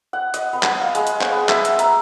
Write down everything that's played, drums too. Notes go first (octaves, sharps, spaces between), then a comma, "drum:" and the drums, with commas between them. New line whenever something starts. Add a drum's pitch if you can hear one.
F#5
D#5, drum: hi-hat
B3
drum: clap
F5
G#3, drum: hi-hat
drum: hi-hat
drum: clap
B3
E5, drum: clap
drum: hi-hat
A#5, drum: hi-hat